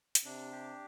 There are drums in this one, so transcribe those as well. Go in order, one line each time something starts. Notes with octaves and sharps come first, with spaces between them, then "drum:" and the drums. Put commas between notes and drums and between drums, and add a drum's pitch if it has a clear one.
drum: hi-hat
C3 D4
G4